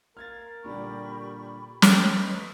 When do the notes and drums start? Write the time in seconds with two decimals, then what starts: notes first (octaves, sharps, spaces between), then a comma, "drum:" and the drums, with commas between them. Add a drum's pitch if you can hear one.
0.17 A#4 F5 F6 G#6 A6
0.64 A#2 D3 G3 G4 B5 C#6
1.82 A3 G5, drum: snare
2.15 B4 D#5 E5 C#6 D#6 F6